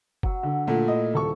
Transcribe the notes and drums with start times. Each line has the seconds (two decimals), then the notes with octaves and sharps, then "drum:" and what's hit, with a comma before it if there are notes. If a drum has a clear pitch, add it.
0.23 F#3 E6, drum: kick F#1
0.43 D3
0.67 A#2 A3
0.88 E4 D#5
1.14 D#1 A4 C#6